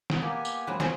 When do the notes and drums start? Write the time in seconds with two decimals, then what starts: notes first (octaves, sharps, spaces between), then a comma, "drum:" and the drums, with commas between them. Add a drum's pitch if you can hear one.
0.10 drum: snare
0.22 A#3 B3 G4 G#5
0.45 drum: tambourine
0.67 F#3 G#3 C4 B4
0.80 C#4 G#4 C5, drum: snare